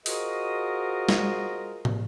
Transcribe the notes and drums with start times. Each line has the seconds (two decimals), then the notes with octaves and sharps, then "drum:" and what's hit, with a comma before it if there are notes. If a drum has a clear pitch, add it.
0.06 F4 F#4 G#4 A#4 C5 D#5, drum: open hi-hat
1.09 drum: snare
1.85 drum: tom